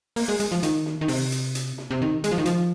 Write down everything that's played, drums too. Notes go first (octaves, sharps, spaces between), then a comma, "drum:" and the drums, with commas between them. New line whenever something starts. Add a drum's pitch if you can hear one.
A#3, drum: open hi-hat
G#3
G#3, drum: hi-hat
F3
D#3, drum: hi-hat
drum: snare
D#3
C3, drum: open hi-hat
drum: hi-hat
drum: hi-hat
drum: snare
C3
D#3
G#3, drum: hi-hat
F3
D#3
F3, drum: hi-hat